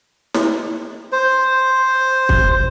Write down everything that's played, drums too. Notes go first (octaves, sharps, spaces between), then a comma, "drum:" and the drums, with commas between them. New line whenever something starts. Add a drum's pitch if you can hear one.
drum: snare
C5
drum: kick